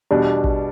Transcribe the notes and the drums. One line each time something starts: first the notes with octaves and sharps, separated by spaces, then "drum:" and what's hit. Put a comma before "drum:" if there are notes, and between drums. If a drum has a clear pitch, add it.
E2 B2 G3 D4
drum: kick A1